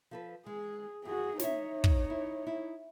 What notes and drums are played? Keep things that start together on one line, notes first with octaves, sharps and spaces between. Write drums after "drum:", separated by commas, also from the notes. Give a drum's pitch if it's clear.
F3 A4 B4
G#3 G#4
F#2 F#4 G#4
D#4 C#5 D#5 E5, drum: snare
drum: kick
E4
E4